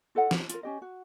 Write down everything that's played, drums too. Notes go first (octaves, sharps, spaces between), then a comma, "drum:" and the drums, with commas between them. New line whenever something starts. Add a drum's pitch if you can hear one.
F4 A4 D#5 F#5
D#4, drum: snare
F4 A#4, drum: hi-hat
C#4 G4 D#5
F#4